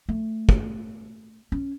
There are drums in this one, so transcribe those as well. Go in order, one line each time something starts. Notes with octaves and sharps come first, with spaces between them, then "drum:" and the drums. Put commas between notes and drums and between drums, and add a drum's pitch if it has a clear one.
A3
drum: kick
C#4